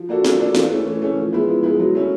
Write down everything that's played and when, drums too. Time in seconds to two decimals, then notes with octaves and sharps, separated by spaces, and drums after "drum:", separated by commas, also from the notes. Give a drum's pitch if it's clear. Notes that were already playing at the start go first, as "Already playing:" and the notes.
Already playing: F3
0.09 A#3 D4 F#4 A4
0.25 F3, drum: snare
0.40 A#3 D4 F#4 A4
0.55 E3, drum: snare
0.71 A3 C#4
0.86 E3
1.02 A3 C#4
1.17 F3
1.33 G#3 B3 E4
1.48 F3
1.63 G#3 B3 E4
1.79 F#3
1.95 A3 C#4 E4